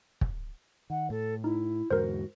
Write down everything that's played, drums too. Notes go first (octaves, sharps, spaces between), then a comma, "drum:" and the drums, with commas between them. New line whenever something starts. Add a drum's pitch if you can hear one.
drum: kick
D#3 F#5
A2 A4
D#4 E4
E2 G#2 D3 F#4 A#4 C5